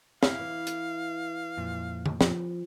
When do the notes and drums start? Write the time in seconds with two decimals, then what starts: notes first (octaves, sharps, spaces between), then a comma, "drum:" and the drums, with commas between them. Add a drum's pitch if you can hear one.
0.23 E4 F5, drum: snare
0.39 E3
0.67 drum: hi-hat
1.57 F2 A#2
2.06 drum: tom
2.21 F3, drum: snare